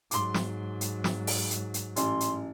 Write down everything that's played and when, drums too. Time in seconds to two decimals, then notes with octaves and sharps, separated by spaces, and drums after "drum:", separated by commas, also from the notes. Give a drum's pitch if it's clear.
0.11 G#2 F#3 C6 D6, drum: hi-hat
0.34 drum: snare
0.81 drum: hi-hat
1.04 drum: snare
1.27 drum: open hi-hat
1.51 drum: hi-hat
1.74 drum: hi-hat
1.96 A1 C6, drum: hi-hat
2.20 drum: hi-hat